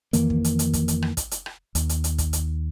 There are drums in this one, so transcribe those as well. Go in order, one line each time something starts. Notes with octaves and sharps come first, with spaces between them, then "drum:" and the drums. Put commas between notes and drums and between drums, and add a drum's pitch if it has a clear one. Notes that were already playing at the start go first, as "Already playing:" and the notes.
F2 D#3 E3 A#3, drum: hi-hat
drum: kick
drum: hi-hat
drum: hi-hat
drum: kick, hi-hat
drum: hi-hat
drum: rim click
drum: kick, hi-hat
drum: hi-hat
drum: rim click
D#2, drum: hi-hat
drum: hi-hat
drum: hi-hat
drum: kick, hi-hat
drum: hi-hat